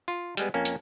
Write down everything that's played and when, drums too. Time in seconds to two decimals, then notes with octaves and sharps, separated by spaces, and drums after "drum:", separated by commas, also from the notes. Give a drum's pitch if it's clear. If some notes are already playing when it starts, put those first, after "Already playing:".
0.08 F4
0.37 G3 G#3 B3, drum: hi-hat
0.54 F2 A#3 C#4
0.65 drum: hi-hat